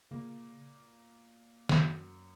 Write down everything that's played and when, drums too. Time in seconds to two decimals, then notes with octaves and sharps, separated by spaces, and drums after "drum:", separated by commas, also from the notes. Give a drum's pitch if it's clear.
0.11 A#2 C#3 A#3
1.69 F#2 D3 F#3, drum: snare